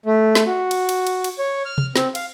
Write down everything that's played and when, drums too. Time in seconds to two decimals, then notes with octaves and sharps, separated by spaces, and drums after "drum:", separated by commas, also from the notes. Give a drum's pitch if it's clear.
0.06 A3
0.35 drum: snare
0.47 F#4
0.71 drum: cymbal
0.89 drum: cymbal
1.07 drum: cymbal
1.24 drum: cymbal
1.39 C#5
1.65 F6
1.78 drum: tom C3
1.96 C4, drum: snare
2.15 F5, drum: cymbal